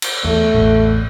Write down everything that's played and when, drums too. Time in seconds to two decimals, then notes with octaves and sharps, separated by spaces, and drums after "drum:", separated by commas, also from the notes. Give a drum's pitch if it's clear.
0.02 drum: cymbal
0.24 E2 A3
0.54 A1 E2 A2